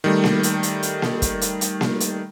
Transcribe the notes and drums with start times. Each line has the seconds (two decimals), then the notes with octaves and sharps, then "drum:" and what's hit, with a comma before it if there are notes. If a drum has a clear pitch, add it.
0.04 D#3 G3 A3
0.24 drum: snare A#3
0.43 drum: hi-hat
0.63 drum: hi-hat
0.83 drum: hi-hat
1.02 drum: snare A#3
1.22 drum: kick, hi-hat
1.41 drum: hi-hat
1.61 drum: hi-hat
1.81 drum: snare A#3
2.00 drum: hi-hat